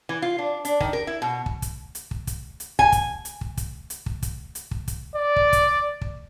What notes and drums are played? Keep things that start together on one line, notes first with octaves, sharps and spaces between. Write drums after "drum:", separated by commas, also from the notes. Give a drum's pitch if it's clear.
E3
F4
D4
D4, drum: hi-hat
D#3, drum: kick
A#4
E4
B2
drum: kick
drum: kick, hi-hat
drum: hi-hat
drum: kick
drum: kick, hi-hat
drum: hi-hat
G#5, drum: kick
drum: kick, hi-hat
drum: hi-hat
drum: kick
drum: kick, hi-hat
drum: hi-hat
drum: kick
drum: kick, hi-hat
drum: hi-hat
drum: kick
drum: kick, hi-hat
D5
drum: kick
drum: kick, hi-hat
drum: kick